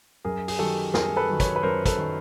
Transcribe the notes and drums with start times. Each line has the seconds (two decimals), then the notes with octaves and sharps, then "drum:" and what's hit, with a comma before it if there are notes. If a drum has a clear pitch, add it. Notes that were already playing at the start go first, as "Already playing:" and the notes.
0.25 F#2 G#4 A#4
0.48 G#4, drum: open hi-hat
0.59 D#3 F#3 G4 A4
0.94 F#2 G#4 A#4, drum: snare
1.16 A4 B4
1.29 D#3 F#3
1.40 B4 C#5, drum: kick, hi-hat
1.56 B4
1.63 F#2 A#4 C5
1.86 A4 B4, drum: kick, hi-hat
1.97 D#3 F#3